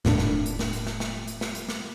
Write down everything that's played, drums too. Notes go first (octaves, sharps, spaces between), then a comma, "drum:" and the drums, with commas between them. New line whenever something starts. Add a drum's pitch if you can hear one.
E1 A2 A3 D4, drum: snare
drum: snare
drum: hi-hat
drum: snare
drum: hi-hat
drum: snare
drum: snare
drum: hi-hat
drum: snare
drum: hi-hat
drum: snare